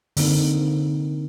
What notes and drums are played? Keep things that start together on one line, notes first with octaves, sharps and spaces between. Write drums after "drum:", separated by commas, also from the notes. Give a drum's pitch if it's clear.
D3 A#3 C4 D#4, drum: open hi-hat